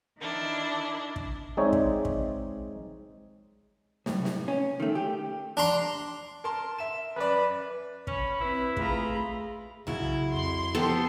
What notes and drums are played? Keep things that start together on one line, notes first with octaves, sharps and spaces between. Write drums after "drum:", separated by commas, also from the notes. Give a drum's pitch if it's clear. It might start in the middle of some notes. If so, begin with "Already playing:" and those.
D#3 D4 E4
drum: kick
G#3 C4 D#4 C#5 D5 E5
drum: kick
drum: kick
C2 F#2 A2, drum: snare
drum: snare
C#4
D#3 A3
G4
D4 A#5 C6
A#4 A5 C6
E5 E7
F#2 B4 D5
C#4 B5, drum: kick
C4 E4 B4
A3 F4 G#4 A#5 B5, drum: kick
C#3 F#3 E4, drum: tom B1
F2 C6
F3 B3 G4 A4 A#4